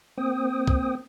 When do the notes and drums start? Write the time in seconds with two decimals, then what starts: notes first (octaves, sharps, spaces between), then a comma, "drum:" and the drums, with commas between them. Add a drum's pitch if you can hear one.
0.18 A#3 C4 C5 G5 D#6
0.67 drum: kick